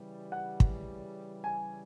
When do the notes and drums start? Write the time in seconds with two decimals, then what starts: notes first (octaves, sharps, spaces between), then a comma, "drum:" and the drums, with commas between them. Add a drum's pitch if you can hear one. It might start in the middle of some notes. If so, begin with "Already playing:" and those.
Already playing: C#3 E3 G3
0.32 F#5
0.60 drum: kick
1.44 G#5